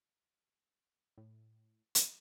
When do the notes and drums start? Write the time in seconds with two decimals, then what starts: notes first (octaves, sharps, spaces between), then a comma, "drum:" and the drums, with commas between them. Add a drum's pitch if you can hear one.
1.18 A2
1.95 drum: hi-hat